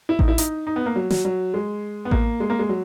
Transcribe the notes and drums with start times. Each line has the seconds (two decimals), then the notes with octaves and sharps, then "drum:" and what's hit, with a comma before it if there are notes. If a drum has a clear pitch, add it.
0.09 E4
0.19 D#4, drum: kick A1
0.28 E4
0.38 D#4, drum: hi-hat
0.67 D#4
0.76 B3
0.86 A#3
0.96 F#3
1.11 F#3, drum: snare
1.25 F#3
1.54 G#3
2.05 B3
2.11 A#3, drum: kick A1
2.40 G#3
2.50 A#3
2.59 G#3
2.69 F#3